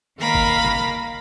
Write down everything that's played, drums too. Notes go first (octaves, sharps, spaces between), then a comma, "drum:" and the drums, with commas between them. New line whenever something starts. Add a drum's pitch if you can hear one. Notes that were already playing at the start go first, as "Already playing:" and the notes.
D#3 A#3 A#4 F5 B5 A#6
drum: kick
drum: snare